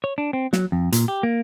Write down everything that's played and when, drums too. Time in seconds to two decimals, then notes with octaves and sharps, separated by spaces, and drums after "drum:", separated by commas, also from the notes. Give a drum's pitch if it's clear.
0.04 C#5
0.18 D4
0.33 C4
0.53 F#3, drum: snare
0.72 F2
0.92 A#2, drum: hi-hat
1.08 G4
1.23 A#3